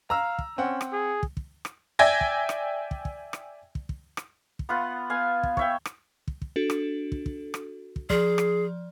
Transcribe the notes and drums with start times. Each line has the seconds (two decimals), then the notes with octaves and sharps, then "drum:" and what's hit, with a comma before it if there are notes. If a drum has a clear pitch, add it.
0.10 F5 A#5 E6
0.39 drum: kick
0.58 C4 C#4 F#5
0.81 drum: rim click
0.92 G#4
1.23 drum: kick
1.37 drum: kick
1.65 drum: rim click
1.99 D5 E5 G5 G#5 G#6 A#6
2.21 drum: kick
2.49 drum: rim click
2.91 drum: kick
3.05 drum: kick
3.33 drum: rim click
3.75 drum: kick
3.89 drum: kick
4.17 drum: rim click
4.59 drum: kick
4.69 B3 F4 F#5
5.10 B3 F5 G#5
5.43 drum: kick
5.57 C#5 E5 G5, drum: kick
5.85 drum: rim click
6.28 drum: kick
6.42 drum: kick
6.56 D4 F#4 A4
6.70 drum: rim click
7.12 drum: kick
7.26 drum: kick
7.54 drum: rim click
7.96 drum: kick
8.10 F3 G#4 D5, drum: kick
8.38 drum: rim click